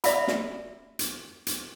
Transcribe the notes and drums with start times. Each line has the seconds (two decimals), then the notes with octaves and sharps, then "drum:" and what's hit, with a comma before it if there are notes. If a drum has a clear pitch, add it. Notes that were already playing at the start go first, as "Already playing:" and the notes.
0.04 D5 E5 F5 B5, drum: hi-hat
0.28 drum: snare
0.99 drum: hi-hat
1.47 drum: hi-hat